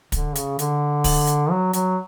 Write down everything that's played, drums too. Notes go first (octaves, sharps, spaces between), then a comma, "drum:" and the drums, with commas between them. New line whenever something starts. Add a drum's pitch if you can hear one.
D3, drum: kick, hi-hat
C#3, drum: hi-hat
D3, drum: hi-hat
drum: kick, open hi-hat
drum: hi-hat
F#3
F#3, drum: hi-hat